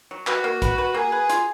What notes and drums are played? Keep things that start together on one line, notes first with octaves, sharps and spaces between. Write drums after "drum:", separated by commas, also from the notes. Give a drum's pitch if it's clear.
F#3
F#4 B4, drum: clap
A#3
B4, drum: kick, hi-hat
B4
A#3 G#4
B4
F4, drum: hi-hat